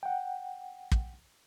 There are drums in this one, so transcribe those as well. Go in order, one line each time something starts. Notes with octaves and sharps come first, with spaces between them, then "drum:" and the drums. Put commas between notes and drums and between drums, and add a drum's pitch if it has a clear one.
F#5 G5
drum: kick